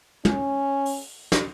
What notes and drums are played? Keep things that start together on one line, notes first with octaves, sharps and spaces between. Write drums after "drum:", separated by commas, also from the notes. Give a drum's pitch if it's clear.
C#4, drum: tom
drum: open hi-hat
drum: snare